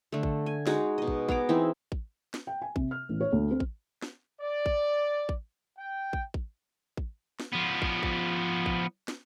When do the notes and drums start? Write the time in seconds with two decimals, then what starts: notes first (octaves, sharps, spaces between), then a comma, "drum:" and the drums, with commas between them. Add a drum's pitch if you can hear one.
0.12 D3 A3
0.23 drum: kick
0.46 G#5
0.67 G#3 D#4 F#4 G#4, drum: snare
0.98 B2 D#5
1.07 drum: kick
1.29 B3 G#4 A#5 D6, drum: kick
1.49 E3 C4 D#4 E5
1.92 drum: kick
2.34 drum: snare
2.47 G5
2.62 G#5
2.76 C3, drum: kick
2.91 F6
3.09 A1
3.20 C#5
3.32 D2
3.51 C4
3.60 drum: kick
4.02 drum: snare
4.41 D5
4.66 drum: kick
5.29 drum: kick
5.79 G5
6.13 drum: kick
6.34 drum: kick
6.97 drum: kick
7.40 drum: snare
7.52 F3 B3
7.82 drum: kick
8.03 drum: kick
8.66 drum: kick
9.08 drum: snare